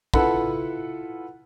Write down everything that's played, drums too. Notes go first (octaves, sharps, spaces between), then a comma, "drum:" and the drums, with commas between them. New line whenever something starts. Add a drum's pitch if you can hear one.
E4 F4 A4 B4 F#5 B5, drum: kick